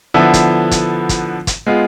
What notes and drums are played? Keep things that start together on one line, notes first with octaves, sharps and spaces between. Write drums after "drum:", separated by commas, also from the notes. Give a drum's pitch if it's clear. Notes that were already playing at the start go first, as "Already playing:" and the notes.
D3 F3 B3 E4 A4
drum: kick, hi-hat
drum: kick, hi-hat
drum: kick, hi-hat
drum: kick, hi-hat
G#3 B3 F4